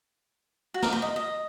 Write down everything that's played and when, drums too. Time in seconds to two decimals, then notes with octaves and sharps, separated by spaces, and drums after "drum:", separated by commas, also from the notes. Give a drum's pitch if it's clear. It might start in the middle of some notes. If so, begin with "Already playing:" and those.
0.74 F#4
0.82 A#4, drum: snare
0.93 C5
1.02 D#5
1.16 D#5